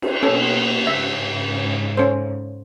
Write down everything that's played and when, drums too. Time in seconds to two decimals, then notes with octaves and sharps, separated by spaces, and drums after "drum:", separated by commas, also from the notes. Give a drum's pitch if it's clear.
0.02 drum: cymbal
0.23 B2 A#3 C#4 A4
0.87 G#2 C#3 E5
1.97 C#4 A4 C5